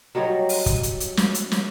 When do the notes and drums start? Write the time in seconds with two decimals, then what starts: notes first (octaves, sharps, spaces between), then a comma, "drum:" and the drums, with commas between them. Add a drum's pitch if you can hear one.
0.15 F#3 G3 D#4 C#5
0.49 drum: open hi-hat
0.66 drum: kick, hi-hat
0.83 drum: hi-hat
1.00 drum: hi-hat
1.17 drum: snare
1.34 drum: hi-hat
1.52 drum: snare